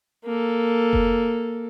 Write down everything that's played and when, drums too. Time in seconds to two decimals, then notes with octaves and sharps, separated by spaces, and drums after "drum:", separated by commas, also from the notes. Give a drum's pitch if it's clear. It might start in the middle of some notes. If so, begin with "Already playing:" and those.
0.24 A#3 A4
0.93 drum: kick F1